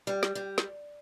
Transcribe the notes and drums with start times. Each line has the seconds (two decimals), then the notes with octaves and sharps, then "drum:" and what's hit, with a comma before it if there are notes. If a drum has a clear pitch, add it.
0.07 G3
0.23 drum: snare
0.35 G3
0.58 drum: snare